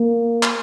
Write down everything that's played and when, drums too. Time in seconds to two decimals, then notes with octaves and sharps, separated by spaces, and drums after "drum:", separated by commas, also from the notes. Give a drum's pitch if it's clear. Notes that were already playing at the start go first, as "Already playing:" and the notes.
Already playing: A#3
0.43 drum: clap